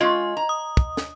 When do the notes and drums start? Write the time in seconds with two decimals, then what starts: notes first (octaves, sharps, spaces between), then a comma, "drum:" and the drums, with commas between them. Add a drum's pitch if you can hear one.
0.01 G#3 C#4 F4 D#5
0.37 A#5
0.49 D#6
0.77 drum: kick
0.97 drum: snare